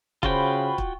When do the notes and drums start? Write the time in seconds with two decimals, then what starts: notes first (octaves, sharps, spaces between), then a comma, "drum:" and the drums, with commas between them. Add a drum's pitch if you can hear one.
0.23 C#3 F4 F#4 C5 G5 B5, drum: kick
0.78 drum: kick